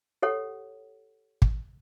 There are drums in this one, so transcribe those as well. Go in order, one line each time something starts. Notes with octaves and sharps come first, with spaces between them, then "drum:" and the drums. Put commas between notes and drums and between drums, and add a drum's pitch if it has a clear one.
G4 A4 C#5 F#5
drum: kick